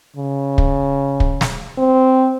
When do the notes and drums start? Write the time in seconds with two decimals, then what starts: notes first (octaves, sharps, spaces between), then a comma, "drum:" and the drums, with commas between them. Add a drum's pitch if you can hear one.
0.16 C#3
0.58 drum: kick
1.20 drum: kick
1.41 drum: snare
1.78 C4